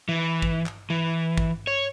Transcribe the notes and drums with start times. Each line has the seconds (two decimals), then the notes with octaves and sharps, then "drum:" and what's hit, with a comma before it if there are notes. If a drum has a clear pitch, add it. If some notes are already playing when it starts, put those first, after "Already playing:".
0.09 E3
0.42 drum: kick
0.66 drum: clap
0.90 E3
1.38 drum: kick
1.67 C#5